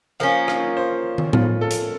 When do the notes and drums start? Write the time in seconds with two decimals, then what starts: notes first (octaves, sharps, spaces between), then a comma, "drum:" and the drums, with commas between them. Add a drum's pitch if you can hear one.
0.20 F3 A#3 C#4 F5
0.48 F5, drum: rim click
0.77 C5
1.18 drum: tom
1.33 F4, drum: tom
1.61 A4
1.71 drum: hi-hat